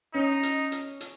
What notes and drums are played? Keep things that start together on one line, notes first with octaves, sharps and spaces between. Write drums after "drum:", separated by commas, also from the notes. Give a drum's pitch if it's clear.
C#4 D#4
drum: hi-hat
drum: hi-hat
drum: hi-hat